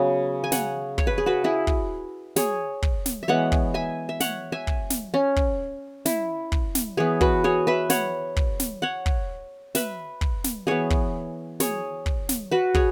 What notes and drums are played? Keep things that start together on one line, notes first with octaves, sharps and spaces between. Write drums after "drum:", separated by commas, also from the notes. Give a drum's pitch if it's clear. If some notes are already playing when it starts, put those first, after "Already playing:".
Already playing: C#3 F#3 B3 E5
G#5
C#5 F#5, drum: snare
C#5, drum: kick
B4
G#4
F#4 B4
E4 G#4
drum: kick
G#4 C#5, drum: snare
drum: kick
drum: snare
E5
E3 G#3 B3 C#5 F#5
drum: kick
E5 G#5
E5
C#5 F#5, drum: snare
E5 G#5
drum: kick
drum: snare
C#4
drum: kick
E4, drum: snare
drum: kick
drum: snare
E3 B3 G#4 C#5
F#4 B4, drum: kick
G#4 C#5
B4 E5
C#5 F#5, drum: snare
drum: kick
drum: snare
C#5 F#5
drum: kick
B4 E5, drum: snare
drum: kick
drum: snare
E3 B3 G#4 C#5
drum: kick
G#4 C#5, drum: snare
drum: kick
drum: snare
F#4 B4
G#4 C#5, drum: kick